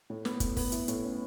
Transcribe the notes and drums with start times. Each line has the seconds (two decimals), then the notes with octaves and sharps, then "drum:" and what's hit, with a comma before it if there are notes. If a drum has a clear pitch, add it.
0.10 A2
0.25 B3, drum: snare
0.40 A2, drum: kick, hi-hat
0.57 B3, drum: kick, open hi-hat
0.72 E4, drum: hi-hat
0.88 A2, drum: hi-hat
1.04 C#4